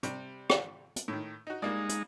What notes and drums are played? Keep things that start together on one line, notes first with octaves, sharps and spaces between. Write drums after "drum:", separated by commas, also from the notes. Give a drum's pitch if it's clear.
C3 G3, drum: hi-hat
drum: rim click
drum: hi-hat
A2 D#3
D#4 F#4
G3 G#3 A#3 D#4 D5
drum: hi-hat